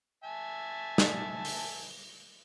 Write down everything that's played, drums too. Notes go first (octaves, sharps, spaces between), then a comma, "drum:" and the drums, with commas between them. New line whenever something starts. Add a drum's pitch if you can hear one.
E5 G#5 A5
drum: snare
drum: open hi-hat